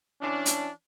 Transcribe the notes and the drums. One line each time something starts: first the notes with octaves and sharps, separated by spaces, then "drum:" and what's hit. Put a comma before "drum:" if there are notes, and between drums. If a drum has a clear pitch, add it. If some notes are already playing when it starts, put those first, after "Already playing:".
E3 C#4 D4
drum: hi-hat